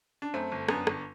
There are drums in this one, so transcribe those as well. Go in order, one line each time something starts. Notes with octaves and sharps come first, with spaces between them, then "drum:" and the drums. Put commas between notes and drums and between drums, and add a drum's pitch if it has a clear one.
D4
F#2 A3 C4
G1
F#2 B3 D4, drum: rim click
G1, drum: rim click